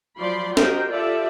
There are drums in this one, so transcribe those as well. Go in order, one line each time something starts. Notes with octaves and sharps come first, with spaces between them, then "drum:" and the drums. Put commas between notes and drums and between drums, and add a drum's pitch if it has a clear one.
F3 F#3 D5 B5 C6
F#4 G4 A#4 C5 D#5 G5, drum: snare
F4 G4 A4 D5 E5